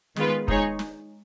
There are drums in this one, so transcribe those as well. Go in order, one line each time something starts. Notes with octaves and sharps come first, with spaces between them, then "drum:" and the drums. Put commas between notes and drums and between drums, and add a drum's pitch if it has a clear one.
D#3 G#3 B3 F4 B4, drum: snare
G#3 D#4 G#4 C#5, drum: kick
drum: snare